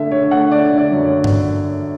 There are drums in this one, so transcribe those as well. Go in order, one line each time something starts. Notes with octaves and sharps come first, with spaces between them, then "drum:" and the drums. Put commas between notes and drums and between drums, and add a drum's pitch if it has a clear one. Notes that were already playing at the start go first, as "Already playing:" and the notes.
Already playing: D3 A3 E5
D3 C#5
A3 F#5
D3 D5
D3
D5
F#2
C#5
drum: tom G2